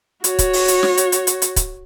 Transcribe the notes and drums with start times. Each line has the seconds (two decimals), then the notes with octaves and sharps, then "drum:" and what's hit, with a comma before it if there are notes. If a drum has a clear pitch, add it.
0.24 F#4 C#5, drum: hi-hat
0.39 drum: kick C#1, hi-hat
0.53 drum: open hi-hat
0.68 drum: hi-hat
0.83 drum: snare
0.97 drum: hi-hat
1.12 drum: hi-hat
1.27 drum: hi-hat
1.42 drum: hi-hat
1.56 drum: kick C#1, hi-hat